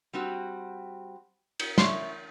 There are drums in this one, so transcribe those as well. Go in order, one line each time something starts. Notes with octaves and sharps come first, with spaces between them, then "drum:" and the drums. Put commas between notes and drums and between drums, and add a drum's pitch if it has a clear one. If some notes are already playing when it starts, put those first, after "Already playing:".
G3 C4 F#4
drum: cymbal
C#4 E4 C#5 C6, drum: snare